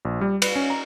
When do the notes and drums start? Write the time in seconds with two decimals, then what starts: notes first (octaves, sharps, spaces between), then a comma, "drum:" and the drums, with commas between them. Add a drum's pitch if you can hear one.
0.05 A#1
0.21 G3
0.42 B4, drum: cymbal
0.56 C#4
0.70 A#5